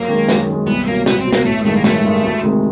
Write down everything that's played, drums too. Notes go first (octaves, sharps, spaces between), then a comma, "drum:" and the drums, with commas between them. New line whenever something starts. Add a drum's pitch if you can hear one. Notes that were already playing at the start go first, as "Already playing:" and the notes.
Already playing: F#2 A#3
D#3 G#3
F#2, drum: snare
D#3 G#3
C2 B3
B2 F#3 A#3
C2 B3, drum: snare
C4
B2 F#3
A#3, drum: snare
A1 A3
G2 D#3 G#3 A3
A#3
A1 A3, drum: snare
G2 D#3 G#3
D2
C3 D#3 G#3